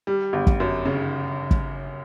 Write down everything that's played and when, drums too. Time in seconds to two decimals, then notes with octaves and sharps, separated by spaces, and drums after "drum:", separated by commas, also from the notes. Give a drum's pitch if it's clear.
0.07 G3
0.33 G1
0.47 drum: kick
0.60 F#2
0.86 C#3
1.51 drum: kick